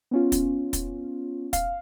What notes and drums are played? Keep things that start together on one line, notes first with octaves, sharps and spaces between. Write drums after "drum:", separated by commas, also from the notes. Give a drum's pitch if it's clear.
B3 C#4 F4
drum: kick, hi-hat
drum: kick, hi-hat
F5, drum: kick, hi-hat